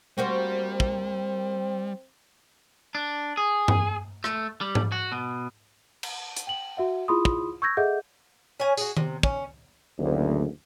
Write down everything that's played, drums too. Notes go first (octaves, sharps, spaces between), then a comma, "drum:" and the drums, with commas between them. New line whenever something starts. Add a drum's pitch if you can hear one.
G3 A#3 C4 F#4 C5
drum: kick
D4
G#4
drum: tom G2
A3, drum: rim click
G3
drum: tom G#2
F#4
B2
drum: cymbal
drum: hi-hat
G5 F#7
F#4 E5 F#5
E4 F4 G#4 B5 C6 D#6
drum: kick
C#6 E6 G6 G#6 A#6
G#4 A4 D#5 E5 F#5 G6
C#4 G#5
F#4 G#4, drum: tambourine
C3, drum: tom D#3
C#4, drum: kick
F#1 D2